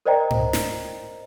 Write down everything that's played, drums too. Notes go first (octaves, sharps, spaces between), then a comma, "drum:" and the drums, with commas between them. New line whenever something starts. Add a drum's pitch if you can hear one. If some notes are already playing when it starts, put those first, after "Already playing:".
A#4 C5 D5 D#5 G5 A#5
drum: tom G#2
drum: snare